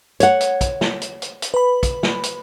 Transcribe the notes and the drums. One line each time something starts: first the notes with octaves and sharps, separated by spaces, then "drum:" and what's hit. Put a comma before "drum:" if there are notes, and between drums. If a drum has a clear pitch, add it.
C#5 F#5, drum: hi-hat
drum: hi-hat
drum: kick, hi-hat
drum: snare
drum: hi-hat
drum: hi-hat
drum: hi-hat
B4 B5
drum: kick, hi-hat
drum: snare
drum: hi-hat